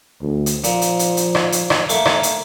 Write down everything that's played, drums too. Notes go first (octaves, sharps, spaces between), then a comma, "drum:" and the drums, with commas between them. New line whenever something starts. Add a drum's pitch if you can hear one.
D2
drum: hi-hat
A#2 F3, drum: hi-hat
drum: hi-hat
drum: hi-hat
drum: hi-hat
drum: rim click
drum: hi-hat
drum: rim click
A3 A#3, drum: hi-hat
drum: rim click
drum: hi-hat